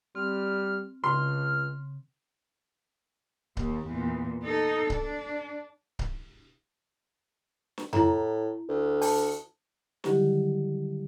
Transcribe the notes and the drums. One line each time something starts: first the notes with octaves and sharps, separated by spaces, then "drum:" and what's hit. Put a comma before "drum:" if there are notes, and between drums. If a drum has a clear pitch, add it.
G3 C4 F6
C#2 C#3 C6 F6
D#2, drum: kick C#1
E2 A#2
D#4 A4
D4, drum: kick C#1
drum: kick C#1
drum: snare
A2 E4 A#5, drum: tom F2
D2
A5, drum: open hi-hat
D3 D#3 F#3 G3 E4 G4, drum: snare